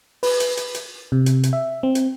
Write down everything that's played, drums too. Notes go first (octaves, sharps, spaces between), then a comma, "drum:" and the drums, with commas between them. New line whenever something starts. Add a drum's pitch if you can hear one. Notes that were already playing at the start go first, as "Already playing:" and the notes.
B4, drum: open hi-hat
drum: hi-hat
drum: hi-hat
drum: hi-hat
C3
drum: hi-hat
drum: hi-hat
E5
C4
drum: hi-hat